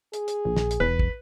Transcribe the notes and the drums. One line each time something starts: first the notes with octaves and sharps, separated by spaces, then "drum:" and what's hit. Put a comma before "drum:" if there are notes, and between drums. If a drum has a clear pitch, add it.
G#4, drum: hi-hat
drum: hi-hat
A#1
drum: snare
drum: hi-hat
E1 E2 B4
drum: kick